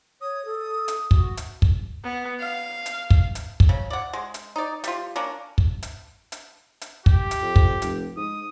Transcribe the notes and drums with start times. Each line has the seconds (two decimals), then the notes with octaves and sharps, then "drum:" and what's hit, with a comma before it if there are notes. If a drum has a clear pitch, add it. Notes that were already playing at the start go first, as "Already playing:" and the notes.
0.21 C#5 D#6
0.45 A4
0.88 drum: hi-hat
1.11 F#4, drum: kick
1.37 drum: hi-hat
1.62 drum: kick
2.04 B3
2.40 F5
2.86 drum: hi-hat
3.10 drum: kick
3.35 drum: hi-hat
3.60 drum: kick
3.69 C#3
3.90 D5 F#5
4.13 G#3
4.34 drum: hi-hat
4.56 D#4 D5
4.84 G3 F4, drum: hi-hat
5.16 A#3 C#4 D4
5.58 drum: kick
5.83 drum: hi-hat
6.32 drum: hi-hat
6.81 drum: hi-hat
7.06 G4, drum: kick
7.31 drum: hi-hat
7.41 F2
7.56 drum: kick
7.82 F1, drum: hi-hat
8.17 G#2 D#6